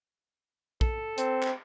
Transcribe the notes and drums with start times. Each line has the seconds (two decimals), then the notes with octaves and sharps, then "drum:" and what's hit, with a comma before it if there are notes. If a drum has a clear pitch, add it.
0.81 A4, drum: kick A#1
1.18 C4, drum: hi-hat
1.42 drum: clap